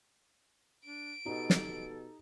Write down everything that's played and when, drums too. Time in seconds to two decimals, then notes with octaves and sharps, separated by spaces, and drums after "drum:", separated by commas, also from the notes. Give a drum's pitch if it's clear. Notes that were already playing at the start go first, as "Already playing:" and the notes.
0.86 D4 D7
1.25 B2 D#4 G4 A4
1.50 drum: snare
1.67 B2